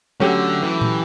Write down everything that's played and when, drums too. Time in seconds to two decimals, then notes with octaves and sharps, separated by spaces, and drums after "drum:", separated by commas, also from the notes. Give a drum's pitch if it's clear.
0.20 D3 F#3 A3 C#4 G4
0.62 E3
0.81 drum: tom A#2